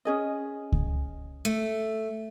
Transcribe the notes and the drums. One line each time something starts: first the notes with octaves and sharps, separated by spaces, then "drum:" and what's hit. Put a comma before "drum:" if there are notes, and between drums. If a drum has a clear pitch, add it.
C#4 G#4 D#5
drum: kick C#2
A3